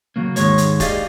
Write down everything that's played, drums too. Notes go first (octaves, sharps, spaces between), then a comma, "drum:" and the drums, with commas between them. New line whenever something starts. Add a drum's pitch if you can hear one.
C#3 F#3 A#3
D#2 G#2 G#3 C#5, drum: hi-hat
drum: hi-hat
G4 G#4 D5 D#5 F5, drum: kick D#1, hi-hat